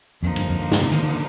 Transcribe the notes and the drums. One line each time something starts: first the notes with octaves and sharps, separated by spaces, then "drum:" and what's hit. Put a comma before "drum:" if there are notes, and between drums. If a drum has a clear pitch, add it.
F2 D3 F3 A#3 D#4
G2, drum: cymbal
F2
G#2, drum: snare
C3
D#3, drum: hi-hat